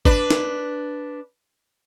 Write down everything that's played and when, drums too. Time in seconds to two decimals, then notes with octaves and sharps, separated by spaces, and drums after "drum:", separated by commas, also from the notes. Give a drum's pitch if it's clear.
0.05 D4 B4, drum: kick G#1
0.31 drum: snare